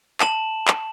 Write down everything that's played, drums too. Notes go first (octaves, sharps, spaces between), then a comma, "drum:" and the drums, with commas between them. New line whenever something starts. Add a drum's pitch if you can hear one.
A5 E7 F#7, drum: clap
drum: clap